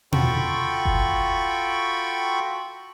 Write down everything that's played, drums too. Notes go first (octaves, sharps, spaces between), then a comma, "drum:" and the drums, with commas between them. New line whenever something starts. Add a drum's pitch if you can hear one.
F4 F#4 A4 G5 B5 C#6, drum: tom B2
drum: kick F#1